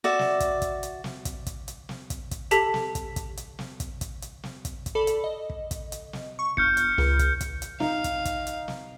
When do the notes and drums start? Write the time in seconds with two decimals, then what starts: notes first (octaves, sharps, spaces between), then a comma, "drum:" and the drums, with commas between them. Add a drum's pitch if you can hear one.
0.04 F#4 D5 E5
0.19 drum: snare
0.40 drum: kick, hi-hat
0.62 drum: kick, hi-hat
0.83 drum: hi-hat
1.04 drum: snare
1.25 drum: kick, hi-hat
1.46 drum: kick, hi-hat
1.68 drum: hi-hat
1.89 drum: snare
2.10 drum: kick, hi-hat
2.31 drum: kick, hi-hat
2.51 G4 A4 A5 B6, drum: hi-hat
2.74 drum: snare
2.95 drum: kick, hi-hat
3.16 drum: kick, hi-hat
3.37 drum: hi-hat
3.59 drum: snare
3.80 drum: kick, hi-hat
4.01 drum: kick, hi-hat
4.22 drum: hi-hat
4.43 drum: snare
4.65 drum: kick, hi-hat
4.86 drum: kick, hi-hat
4.95 A4 D5 B5
5.07 drum: hi-hat
5.24 D#5
5.50 drum: kick
5.71 drum: kick, hi-hat
5.92 drum: hi-hat
6.13 drum: snare
6.39 C#6
6.57 G1 F6 G6 C#7, drum: kick
6.77 drum: hi-hat
6.98 C#2, drum: snare
7.19 drum: kick, hi-hat
7.41 drum: kick, hi-hat
7.62 drum: hi-hat
7.80 D#4 F5, drum: snare
8.04 drum: kick, hi-hat
8.25 drum: kick, hi-hat
8.47 drum: hi-hat
8.68 drum: snare